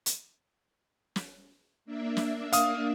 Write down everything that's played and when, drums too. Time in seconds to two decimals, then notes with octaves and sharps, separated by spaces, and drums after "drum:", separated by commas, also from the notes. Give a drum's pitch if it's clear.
0.06 drum: hi-hat
1.16 drum: snare
1.85 A#3 D4 E5
2.17 drum: snare
2.53 F5 D#6, drum: hi-hat